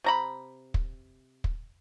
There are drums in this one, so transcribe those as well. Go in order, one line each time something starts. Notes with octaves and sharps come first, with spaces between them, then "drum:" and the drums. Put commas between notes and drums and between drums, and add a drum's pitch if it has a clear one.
C3 A#5 B5
drum: kick
drum: kick